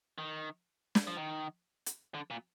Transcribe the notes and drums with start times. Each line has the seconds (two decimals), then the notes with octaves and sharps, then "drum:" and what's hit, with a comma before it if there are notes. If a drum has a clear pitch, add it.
0.18 D#3
0.95 drum: snare
1.07 F3
1.17 D#3
1.86 drum: hi-hat
2.15 D3
2.31 A#2